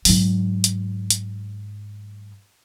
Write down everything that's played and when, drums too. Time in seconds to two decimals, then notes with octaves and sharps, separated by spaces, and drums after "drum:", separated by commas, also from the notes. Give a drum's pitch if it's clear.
0.05 G#2 F#3, drum: open hi-hat
0.64 drum: hi-hat
1.10 drum: hi-hat